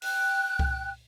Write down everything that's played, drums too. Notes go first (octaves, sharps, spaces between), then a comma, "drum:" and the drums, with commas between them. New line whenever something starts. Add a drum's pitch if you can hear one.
G5 F#6, drum: open hi-hat
drum: kick C2